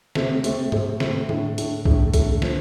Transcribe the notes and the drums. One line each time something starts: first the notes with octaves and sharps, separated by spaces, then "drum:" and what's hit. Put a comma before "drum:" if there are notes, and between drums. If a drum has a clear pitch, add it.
C3 A3 C4, drum: snare
C3 A3 C4, drum: hi-hat
C3 A3 C4, drum: tom G#2
C3 A3 C4, drum: snare
A2 A3 D4, drum: tom D3
A2 A3 D4, drum: hi-hat
A2 A3 D4, drum: kick
A2 A3 D4, drum: kick, hi-hat
F3 D4, drum: snare